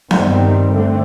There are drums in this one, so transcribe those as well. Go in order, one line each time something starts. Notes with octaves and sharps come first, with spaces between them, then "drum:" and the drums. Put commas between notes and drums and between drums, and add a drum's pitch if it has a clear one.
G2 D#3 G3 C4, drum: snare B3
D3 A3 C4